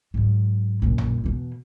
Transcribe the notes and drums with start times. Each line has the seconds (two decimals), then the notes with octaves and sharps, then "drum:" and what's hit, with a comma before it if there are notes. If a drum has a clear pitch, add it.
0.14 G#2 F#3
0.82 A#1 F#2
0.98 drum: tom A1
1.24 E2 B2